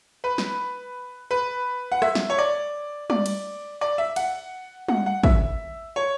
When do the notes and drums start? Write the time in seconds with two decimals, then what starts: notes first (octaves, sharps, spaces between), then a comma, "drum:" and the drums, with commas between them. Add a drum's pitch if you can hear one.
0.24 B4
0.38 drum: snare
1.31 B4
1.92 F#5
2.02 E5, drum: rim click
2.15 drum: snare
2.30 C#5
2.38 D5
3.10 D5, drum: tom G3
3.26 drum: cymbal
3.81 D5
3.98 E5
4.16 F#5, drum: cymbal
4.89 F#5, drum: tom G3
5.06 F#5
5.24 E5, drum: kick
5.96 C#5